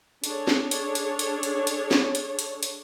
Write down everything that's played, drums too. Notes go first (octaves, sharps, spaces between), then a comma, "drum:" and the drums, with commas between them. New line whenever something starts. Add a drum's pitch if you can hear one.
D4 G#4 A4 C#5, drum: hi-hat
drum: snare
drum: hi-hat
drum: hi-hat
drum: hi-hat
drum: hi-hat
drum: hi-hat
drum: snare
drum: hi-hat
drum: hi-hat
drum: hi-hat